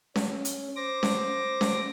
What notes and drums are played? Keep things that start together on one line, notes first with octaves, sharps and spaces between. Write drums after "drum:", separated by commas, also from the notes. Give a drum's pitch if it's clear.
C#4, drum: snare C#4
drum: hi-hat
C5 D6 A#6
drum: snare C#4
drum: snare C#4